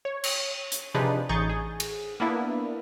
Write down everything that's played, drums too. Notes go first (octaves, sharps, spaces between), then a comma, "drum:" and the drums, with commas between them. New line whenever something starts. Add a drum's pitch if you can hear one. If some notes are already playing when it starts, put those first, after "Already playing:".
C#5
drum: cymbal
drum: hi-hat
C3 F3 D4 D#4 G#4 B4
A1 D#4 G#4 C#6 G6 A6
G#4
drum: cymbal
A#3 B3 D4 E4